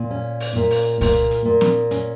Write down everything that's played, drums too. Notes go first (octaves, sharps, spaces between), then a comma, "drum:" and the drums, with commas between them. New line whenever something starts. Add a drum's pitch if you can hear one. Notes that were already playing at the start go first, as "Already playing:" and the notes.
Already playing: A#2
C#4
drum: open hi-hat
A#2
drum: open hi-hat
A#2, drum: kick C2, open hi-hat
drum: hi-hat
A#2
drum: snare C4
C#4, drum: hi-hat